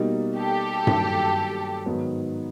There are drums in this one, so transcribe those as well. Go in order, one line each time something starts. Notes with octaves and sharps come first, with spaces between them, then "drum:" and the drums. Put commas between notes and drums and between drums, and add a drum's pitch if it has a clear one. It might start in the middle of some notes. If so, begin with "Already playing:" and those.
Already playing: B2 G3 A#3 D#4
G4 A4
G2 D#3 F#3 A#3, drum: tom G2
G#2 D#3 F#3 B3 D#4